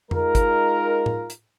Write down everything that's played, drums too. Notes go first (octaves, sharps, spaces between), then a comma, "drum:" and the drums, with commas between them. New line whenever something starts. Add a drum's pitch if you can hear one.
G#3 D#4 F4 A#4, drum: tom F2
drum: kick, hi-hat
drum: tom A2
drum: hi-hat